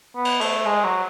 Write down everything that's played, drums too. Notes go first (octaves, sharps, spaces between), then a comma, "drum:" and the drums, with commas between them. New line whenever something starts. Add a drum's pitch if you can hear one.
B3
drum: cymbal
A3, drum: cymbal
G#3
F#3